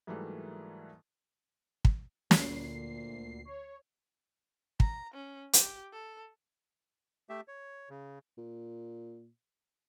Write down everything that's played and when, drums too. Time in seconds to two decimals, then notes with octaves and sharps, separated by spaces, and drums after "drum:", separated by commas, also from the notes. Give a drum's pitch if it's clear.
0.07 G#2 E3 F#3 G3 A3 A#3
1.85 drum: kick
2.31 D2 A#2 C7, drum: snare
3.45 C#5
4.80 A#5, drum: kick
5.14 C#4
5.53 G4, drum: hi-hat
5.93 A4
7.29 A3 G4 E5
7.48 C#5
7.90 C#3
8.38 A#2